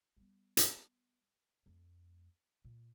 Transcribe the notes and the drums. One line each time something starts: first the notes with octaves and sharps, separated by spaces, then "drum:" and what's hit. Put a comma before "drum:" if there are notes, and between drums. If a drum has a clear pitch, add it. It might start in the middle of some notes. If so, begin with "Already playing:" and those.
G3 B3
drum: hi-hat
F2 A3
A#2